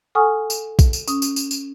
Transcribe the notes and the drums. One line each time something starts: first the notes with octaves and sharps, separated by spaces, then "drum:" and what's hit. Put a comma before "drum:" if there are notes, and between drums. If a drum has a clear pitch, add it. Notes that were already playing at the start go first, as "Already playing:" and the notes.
A4 F#5 G#5 C#6 D#6 F6
drum: tambourine
drum: kick A#1, tambourine
drum: tambourine
C#4 D#6, drum: tambourine
drum: tambourine
drum: tambourine
drum: tambourine